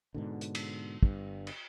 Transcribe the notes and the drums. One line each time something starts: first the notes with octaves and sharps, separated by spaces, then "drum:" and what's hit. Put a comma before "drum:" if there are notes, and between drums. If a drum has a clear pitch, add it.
G#2 B2 D3
drum: hi-hat
drum: cymbal
G1 G2, drum: kick
drum: cymbal